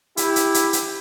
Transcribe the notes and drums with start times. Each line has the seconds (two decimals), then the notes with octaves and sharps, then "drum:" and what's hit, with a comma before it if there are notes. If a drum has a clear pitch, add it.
0.17 E4 G4, drum: hi-hat
0.36 drum: hi-hat
0.54 drum: hi-hat
0.73 drum: hi-hat